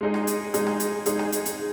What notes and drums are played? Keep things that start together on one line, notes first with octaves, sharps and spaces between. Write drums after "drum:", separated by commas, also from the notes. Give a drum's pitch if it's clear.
G#3 D#4 G#4
drum: rim click
drum: hi-hat
G#3 D#4 G#4, drum: hi-hat
drum: rim click
drum: hi-hat
G#3 D#4 G#4, drum: hi-hat
drum: rim click
drum: hi-hat
drum: hi-hat